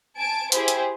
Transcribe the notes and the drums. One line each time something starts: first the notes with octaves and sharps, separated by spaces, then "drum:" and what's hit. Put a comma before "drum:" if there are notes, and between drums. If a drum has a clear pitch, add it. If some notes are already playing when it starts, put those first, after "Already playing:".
G#5 A5 D7
E4 G4 G#4 C5, drum: hi-hat
drum: hi-hat